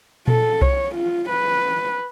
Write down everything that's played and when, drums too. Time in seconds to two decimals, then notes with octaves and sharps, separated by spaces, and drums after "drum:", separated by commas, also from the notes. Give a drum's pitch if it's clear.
0.28 A4, drum: tom A#2
0.61 C#5, drum: kick C2
0.95 F4
1.30 B4